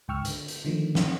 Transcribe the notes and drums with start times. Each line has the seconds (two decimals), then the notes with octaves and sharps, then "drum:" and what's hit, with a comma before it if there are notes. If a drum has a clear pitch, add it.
0.08 C#2 G#2 G5 C#6 E6 F6
0.25 D3, drum: hi-hat
0.48 drum: hi-hat
0.65 D3 D#3 F3 A3
0.95 drum: snare